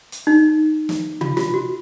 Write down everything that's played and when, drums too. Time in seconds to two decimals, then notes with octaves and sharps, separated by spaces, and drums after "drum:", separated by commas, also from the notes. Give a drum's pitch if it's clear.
0.12 drum: hi-hat
0.27 D#4
0.89 drum: snare
1.21 F4, drum: tom C3
1.37 F4, drum: snare
1.54 F#4